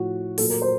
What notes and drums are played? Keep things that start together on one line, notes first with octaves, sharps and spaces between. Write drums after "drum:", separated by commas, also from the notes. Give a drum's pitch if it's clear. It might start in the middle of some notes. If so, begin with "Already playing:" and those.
Already playing: A2 F3 F#4
A#2 F#3 A4, drum: open hi-hat
A#4
C5